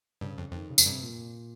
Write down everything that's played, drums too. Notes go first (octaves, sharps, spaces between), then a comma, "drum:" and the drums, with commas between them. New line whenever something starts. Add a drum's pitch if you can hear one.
G2 C#3
F2
F2 D#3
C#3
F2, drum: tambourine
G2 C3
A#2